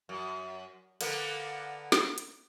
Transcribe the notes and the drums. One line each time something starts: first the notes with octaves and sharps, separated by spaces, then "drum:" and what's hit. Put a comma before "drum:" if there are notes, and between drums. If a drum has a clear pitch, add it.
F#2
D3 A#3 B3, drum: cymbal
drum: snare
drum: hi-hat